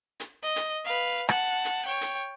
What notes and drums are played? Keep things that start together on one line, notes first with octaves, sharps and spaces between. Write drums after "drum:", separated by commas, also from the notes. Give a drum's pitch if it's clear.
drum: hi-hat
D#5
drum: hi-hat
B4 F5
F#5 A5, drum: rim click
drum: hi-hat
C#5 G5
drum: hi-hat